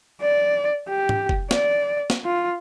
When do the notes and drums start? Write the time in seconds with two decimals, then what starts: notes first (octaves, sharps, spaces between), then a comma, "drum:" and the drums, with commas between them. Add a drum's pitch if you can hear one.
0.22 D5
0.89 G4
1.09 drum: tom
1.29 drum: kick
1.51 D5, drum: snare
2.10 drum: snare
2.26 F4